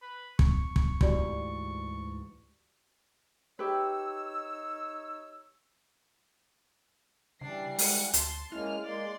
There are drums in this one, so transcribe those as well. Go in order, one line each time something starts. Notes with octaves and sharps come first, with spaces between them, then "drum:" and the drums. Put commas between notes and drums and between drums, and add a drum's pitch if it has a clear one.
B4
C#6, drum: kick
drum: kick
D2 G#2 E3 F#4 G4 D5, drum: kick
D#4 G4 B4 C#5 E6
C#3 E3 G3 D4 C7
G#3 F#5, drum: open hi-hat
D2 A5 C6, drum: hi-hat
G#3 A#3 C#4 E4 F6
G#3 A#3 D5 C6